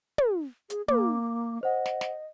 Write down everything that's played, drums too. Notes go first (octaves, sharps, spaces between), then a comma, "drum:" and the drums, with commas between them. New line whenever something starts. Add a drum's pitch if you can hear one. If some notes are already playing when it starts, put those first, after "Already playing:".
drum: tom
G#4, drum: hi-hat
A#3 D6, drum: tom
C5 D#5 F#5
drum: snare
drum: snare